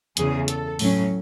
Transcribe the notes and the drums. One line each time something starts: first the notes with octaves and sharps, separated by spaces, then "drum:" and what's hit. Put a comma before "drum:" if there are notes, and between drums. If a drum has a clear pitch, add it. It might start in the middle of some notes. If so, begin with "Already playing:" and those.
E2 C#3 E3 G#4, drum: hi-hat
A4, drum: hi-hat
A2 F#3 C#4, drum: open hi-hat